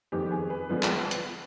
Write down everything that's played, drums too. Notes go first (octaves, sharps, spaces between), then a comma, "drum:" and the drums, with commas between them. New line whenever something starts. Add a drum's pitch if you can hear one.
F2 D#3 B3 G4
G#4
B4
D3 F3 G#3 B3 B4
drum: clap
drum: hi-hat